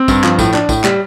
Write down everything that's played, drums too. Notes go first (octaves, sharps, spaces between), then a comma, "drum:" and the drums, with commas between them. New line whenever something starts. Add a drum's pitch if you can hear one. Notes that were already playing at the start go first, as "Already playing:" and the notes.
Already playing: C4
G2, drum: kick, tambourine
F3, drum: clap
A2, drum: kick, tambourine
D4, drum: clap
A2, drum: kick, tambourine
G3, drum: clap